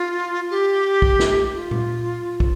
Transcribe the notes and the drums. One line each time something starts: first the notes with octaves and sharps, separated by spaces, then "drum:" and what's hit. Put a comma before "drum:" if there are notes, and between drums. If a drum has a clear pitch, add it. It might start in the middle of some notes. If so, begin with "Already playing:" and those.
Already playing: F4
G4
drum: kick
drum: snare
F4
drum: tom A#2
drum: kick